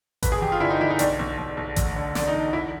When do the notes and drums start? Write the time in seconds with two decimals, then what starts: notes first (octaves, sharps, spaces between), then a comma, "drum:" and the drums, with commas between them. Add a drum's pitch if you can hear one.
0.23 G1 B4, drum: kick A1, hi-hat
0.32 G#4
0.41 G1 G4
0.52 F4
0.60 D3 E4
0.70 D#4
0.81 G1 E4
0.90 D#4
0.99 B1 D4, drum: hi-hat
1.19 B1
1.38 B1
1.57 B1
1.76 D2, drum: kick A1, hi-hat
1.96 D3
2.15 E1 D4, drum: snare
2.27 D#4
2.34 E1
2.53 E2 E4